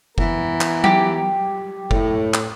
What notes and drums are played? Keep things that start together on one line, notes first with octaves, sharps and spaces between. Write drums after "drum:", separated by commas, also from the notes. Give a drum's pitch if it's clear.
E3 B3 A#4, drum: kick F#1
drum: clap
G4, drum: tom F#3
A2, drum: kick F#1
drum: clap